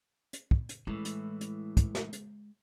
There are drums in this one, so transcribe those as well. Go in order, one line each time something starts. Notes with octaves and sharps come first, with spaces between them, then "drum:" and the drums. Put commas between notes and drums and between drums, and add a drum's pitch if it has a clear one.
drum: hi-hat
drum: kick
drum: hi-hat
A2 E3 G#3
drum: hi-hat
drum: hi-hat
drum: kick, hi-hat
drum: snare
drum: hi-hat